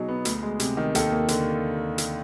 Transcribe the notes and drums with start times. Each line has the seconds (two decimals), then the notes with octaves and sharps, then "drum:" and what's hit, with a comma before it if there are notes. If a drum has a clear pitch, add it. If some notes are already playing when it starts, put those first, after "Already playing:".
Already playing: B2 F#3 D#4 G#4
0.08 B3
0.25 D2, drum: hi-hat
0.43 G#3
0.60 C3, drum: hi-hat
0.77 D#3
0.95 D#2 A4, drum: hi-hat
1.12 A#3
1.28 D3, drum: hi-hat
1.98 drum: hi-hat